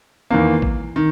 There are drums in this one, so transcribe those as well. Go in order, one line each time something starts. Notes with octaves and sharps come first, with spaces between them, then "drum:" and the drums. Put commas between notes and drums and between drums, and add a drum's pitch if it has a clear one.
E2 D#3 A#3
drum: kick A1
D#3